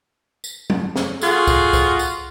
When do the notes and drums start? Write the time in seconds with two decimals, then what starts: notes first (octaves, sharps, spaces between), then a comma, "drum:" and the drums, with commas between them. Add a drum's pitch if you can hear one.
0.44 drum: tambourine
0.70 drum: tom F#3
0.96 drum: snare
1.22 F4 F#4 G#4 A4, drum: tambourine
1.47 drum: kick C2, tambourine
1.73 drum: kick C2, tambourine
1.99 drum: tambourine